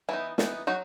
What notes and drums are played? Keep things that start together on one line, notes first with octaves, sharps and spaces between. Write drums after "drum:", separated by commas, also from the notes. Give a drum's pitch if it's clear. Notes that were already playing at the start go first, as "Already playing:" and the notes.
E3 B3 D#4 E4
E3 B3 D#4, drum: snare
F#3 D#4 F#4